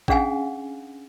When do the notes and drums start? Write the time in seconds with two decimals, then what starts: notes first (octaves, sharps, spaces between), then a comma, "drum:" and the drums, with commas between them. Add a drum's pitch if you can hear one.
0.08 C#4 D4 G#4 F5 F#5 G#5, drum: kick A1